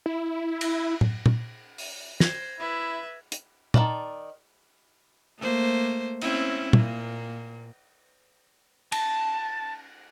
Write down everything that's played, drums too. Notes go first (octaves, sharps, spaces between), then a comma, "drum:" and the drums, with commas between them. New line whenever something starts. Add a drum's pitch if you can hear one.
E4
drum: cymbal
drum: tom A2
drum: tom A#2
drum: open hi-hat
C5 G#6 A#6, drum: snare
E4 B4 E5
drum: hi-hat
D#3 F4 D5 A5, drum: tom A#2
A3 A#3 C5
C4 C#4 E4, drum: cymbal
A#2 A#3, drum: tom A#2
A5, drum: cymbal